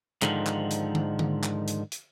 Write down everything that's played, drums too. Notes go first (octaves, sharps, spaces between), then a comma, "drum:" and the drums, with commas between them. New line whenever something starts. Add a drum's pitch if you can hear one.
G#2 D3 D#3 F3, drum: clap
drum: clap
drum: hi-hat
drum: tom D3
drum: tom D3
drum: clap
drum: hi-hat
drum: hi-hat